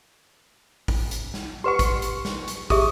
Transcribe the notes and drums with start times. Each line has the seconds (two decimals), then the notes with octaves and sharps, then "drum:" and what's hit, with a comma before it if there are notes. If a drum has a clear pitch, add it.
0.88 drum: kick, open hi-hat
1.11 drum: hi-hat
1.34 drum: snare
1.64 G4 B4 F#5 C6 C#6
1.79 drum: kick, hi-hat
2.02 drum: hi-hat
2.25 drum: snare
2.48 drum: hi-hat
2.70 G4 G#4 E5 D#6, drum: kick, open hi-hat